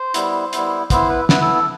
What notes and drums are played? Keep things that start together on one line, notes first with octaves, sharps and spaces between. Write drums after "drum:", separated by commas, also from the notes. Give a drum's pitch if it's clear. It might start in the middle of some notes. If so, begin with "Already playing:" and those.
Already playing: C5
G3 B3 E4, drum: hi-hat
G3 B3 E4, drum: hi-hat
B3 E4 C5, drum: kick, hi-hat
B4
B3 E4 B4, drum: snare
A4
A4